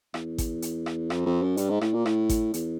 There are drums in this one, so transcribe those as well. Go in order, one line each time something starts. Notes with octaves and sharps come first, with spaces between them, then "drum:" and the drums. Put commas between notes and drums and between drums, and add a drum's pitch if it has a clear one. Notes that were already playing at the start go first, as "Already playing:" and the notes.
E2, drum: rim click
drum: kick G#1, hi-hat
drum: hi-hat
drum: rim click
F2, drum: rim click
F2
F#2
G2, drum: hi-hat
G#2
A2, drum: rim click
A#2
A2, drum: rim click
drum: kick G#1, hi-hat
E2, drum: hi-hat